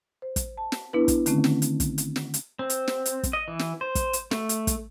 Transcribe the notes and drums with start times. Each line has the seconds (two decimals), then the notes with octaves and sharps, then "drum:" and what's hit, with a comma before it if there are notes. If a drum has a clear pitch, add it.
0.22 C5
0.36 drum: kick, hi-hat
0.57 A5
0.72 drum: snare
0.93 B3 D4 E4 B4
1.08 drum: kick, hi-hat
1.26 D3 D#3 A3 C4 C#4, drum: hi-hat
1.44 drum: snare
1.62 drum: hi-hat
1.80 drum: kick, hi-hat
1.98 drum: hi-hat
2.16 drum: snare
2.34 drum: hi-hat
2.59 C4
2.70 drum: hi-hat
2.88 drum: snare
3.06 drum: hi-hat
3.23 drum: kick, hi-hat
3.33 D#5
3.48 E3
3.59 drum: snare
3.81 C5
3.95 drum: kick, hi-hat
4.13 drum: hi-hat
4.31 A3, drum: snare
4.49 drum: hi-hat
4.67 drum: kick, hi-hat